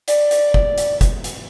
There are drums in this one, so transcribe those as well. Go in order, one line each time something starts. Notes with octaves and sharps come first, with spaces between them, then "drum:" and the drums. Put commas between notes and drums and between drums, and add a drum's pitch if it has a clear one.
D5, drum: hi-hat
drum: hi-hat
drum: kick
drum: hi-hat
drum: kick, hi-hat
drum: hi-hat